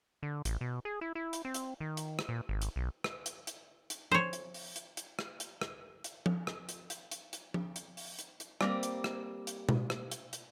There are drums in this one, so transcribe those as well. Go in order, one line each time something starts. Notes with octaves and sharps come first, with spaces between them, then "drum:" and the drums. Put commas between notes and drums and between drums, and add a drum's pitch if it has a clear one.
D3
A1, drum: hi-hat
B2
G#4
E4
E4
drum: hi-hat
C4
drum: hi-hat
D#3
drum: hi-hat
drum: rim click
A#2
G#1
drum: hi-hat
B1
drum: rim click
drum: hi-hat
drum: hi-hat
drum: hi-hat
C5 C#5, drum: tom F3
drum: hi-hat
drum: open hi-hat
drum: hi-hat
drum: hi-hat
drum: rim click
drum: hi-hat
drum: rim click
drum: hi-hat
drum: tom F3
drum: rim click
drum: hi-hat
drum: hi-hat
drum: hi-hat
drum: hi-hat
drum: tom F3
drum: hi-hat
drum: open hi-hat
drum: hi-hat
drum: hi-hat
G3 A#3 C4, drum: rim click
drum: hi-hat
drum: rim click
drum: hi-hat
drum: tom B2
drum: rim click
drum: hi-hat
drum: hi-hat